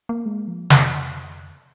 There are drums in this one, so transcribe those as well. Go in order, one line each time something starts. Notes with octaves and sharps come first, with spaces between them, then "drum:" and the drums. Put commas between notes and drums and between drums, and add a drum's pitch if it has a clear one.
A#3
G#3
F3
F2, drum: snare